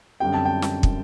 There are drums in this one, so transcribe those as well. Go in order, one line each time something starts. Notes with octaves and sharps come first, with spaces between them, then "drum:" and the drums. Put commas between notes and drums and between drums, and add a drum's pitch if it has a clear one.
F#2 D3 G3 C4 G5
A5
G5
drum: snare
drum: kick